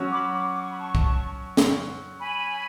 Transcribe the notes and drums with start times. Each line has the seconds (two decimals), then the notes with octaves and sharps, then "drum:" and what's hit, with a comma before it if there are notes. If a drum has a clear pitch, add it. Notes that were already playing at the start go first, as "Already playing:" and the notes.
Already playing: F#3 C#4 F#4
0.11 B5 D6
0.32 B5 D6
0.53 D6
0.62 C#6
0.70 B5
0.79 A5 C#6
0.95 drum: kick C2
1.57 drum: snare
2.20 G#5 B5